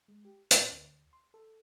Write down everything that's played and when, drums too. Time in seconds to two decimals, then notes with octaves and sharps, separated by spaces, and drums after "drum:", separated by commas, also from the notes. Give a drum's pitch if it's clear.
0.08 G#3
0.25 G4
0.51 A2, drum: hi-hat
0.71 D2
1.13 C6
1.34 A4